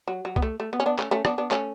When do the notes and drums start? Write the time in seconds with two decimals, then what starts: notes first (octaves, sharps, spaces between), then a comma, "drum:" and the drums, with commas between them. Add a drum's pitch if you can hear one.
0.08 F#3
0.25 F#3
0.36 B3, drum: kick C2
0.42 A3
0.60 A3
0.73 B3
0.80 C#4
0.86 B3 D4
0.99 A3 C#4, drum: clap
1.11 A3 C#4
1.25 B3 D4, drum: rim click
1.38 B3 D4
1.51 A3 C#4, drum: clap